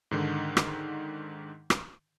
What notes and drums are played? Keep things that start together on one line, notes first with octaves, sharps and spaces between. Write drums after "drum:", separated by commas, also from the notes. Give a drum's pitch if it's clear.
G#2 D3 D#3
drum: rim click
drum: rim click